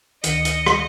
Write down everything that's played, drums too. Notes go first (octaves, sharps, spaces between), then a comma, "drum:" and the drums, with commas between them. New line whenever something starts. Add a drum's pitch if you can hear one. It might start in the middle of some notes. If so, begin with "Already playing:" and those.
D2 D#3 D#5 C#7, drum: hi-hat
drum: hi-hat
drum: rim click